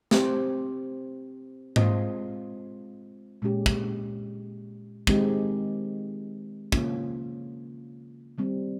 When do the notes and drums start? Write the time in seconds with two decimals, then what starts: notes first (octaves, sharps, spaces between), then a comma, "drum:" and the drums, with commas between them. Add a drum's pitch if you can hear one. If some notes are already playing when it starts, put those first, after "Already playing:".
0.11 C4 G4 C5, drum: snare
1.76 G#3 C4 F4 C5 D#5, drum: tom G#2
3.42 A#2 G#3 C#4 G4
3.66 drum: kick
5.07 D#3 G#3 C4 D#4 G4, drum: kick
6.72 C#3 F3 A#3 C#4 F4, drum: kick
8.38 D#3 G3 C4